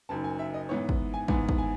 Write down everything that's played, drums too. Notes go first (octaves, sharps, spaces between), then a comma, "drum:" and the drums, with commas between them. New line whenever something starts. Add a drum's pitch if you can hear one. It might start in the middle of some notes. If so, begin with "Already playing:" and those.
F#1 F#2 D#3 A5
G#5
E5
D#5
G#2 E3 B3 C#5
drum: kick
G#5
G#2 E3 B3 G#5, drum: kick
drum: kick
G#5